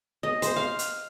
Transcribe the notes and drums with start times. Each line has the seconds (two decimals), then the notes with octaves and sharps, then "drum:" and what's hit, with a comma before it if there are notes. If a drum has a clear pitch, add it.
0.23 D#5
0.42 C5, drum: hi-hat
0.56 F5
0.79 drum: hi-hat